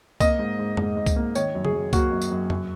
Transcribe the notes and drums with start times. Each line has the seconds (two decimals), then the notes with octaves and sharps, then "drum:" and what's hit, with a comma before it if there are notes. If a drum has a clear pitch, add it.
0.20 A#3 D#5, drum: kick C2, tambourine
0.39 G#2
0.59 G#2
0.77 G#2, drum: tom F2
0.97 G#2
1.06 drum: kick C2, tambourine
1.16 A#3
1.35 D#3 C#5, drum: tambourine
1.55 F#2
1.65 G#4, drum: tom
1.74 F#2
1.93 A#3 F#4, drum: kick C2, tambourine
2.12 F#2
2.22 drum: tambourine
2.31 F#2
2.50 F#2, drum: tom F2